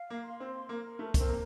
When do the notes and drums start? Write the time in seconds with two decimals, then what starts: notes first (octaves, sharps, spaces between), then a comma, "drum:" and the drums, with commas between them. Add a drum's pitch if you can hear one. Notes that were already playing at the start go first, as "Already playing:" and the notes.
Already playing: F5
0.10 A#3
0.25 C6
0.40 C4
0.69 A#3 A#4
0.99 A3
1.14 A#4, drum: kick, hi-hat
1.20 C4
1.29 A#3